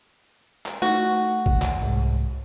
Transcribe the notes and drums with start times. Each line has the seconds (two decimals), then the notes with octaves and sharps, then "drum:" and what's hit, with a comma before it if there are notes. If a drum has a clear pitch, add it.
0.66 drum: clap
0.82 A3 D#4 F#4
1.46 drum: kick G#1
1.62 drum: clap
1.82 C2 G#2